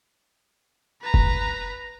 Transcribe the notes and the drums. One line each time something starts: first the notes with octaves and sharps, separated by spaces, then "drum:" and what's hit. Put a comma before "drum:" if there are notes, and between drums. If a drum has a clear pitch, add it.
B4 A#5
drum: kick F#1